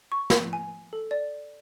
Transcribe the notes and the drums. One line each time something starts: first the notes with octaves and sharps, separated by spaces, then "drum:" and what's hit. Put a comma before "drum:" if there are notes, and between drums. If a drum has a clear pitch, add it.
C#6
drum: snare
G#5
A4
D5